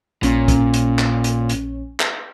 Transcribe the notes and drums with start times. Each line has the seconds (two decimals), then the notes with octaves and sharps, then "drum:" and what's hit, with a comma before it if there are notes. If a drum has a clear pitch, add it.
0.23 A#1 A#2 C#4, drum: hi-hat
0.48 drum: kick, hi-hat
0.74 drum: hi-hat
0.99 drum: clap
1.24 drum: hi-hat
1.49 drum: hi-hat
2.00 drum: clap